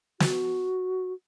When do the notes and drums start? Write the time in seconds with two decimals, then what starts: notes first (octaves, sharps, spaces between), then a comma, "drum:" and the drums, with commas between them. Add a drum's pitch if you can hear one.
0.20 F#4, drum: snare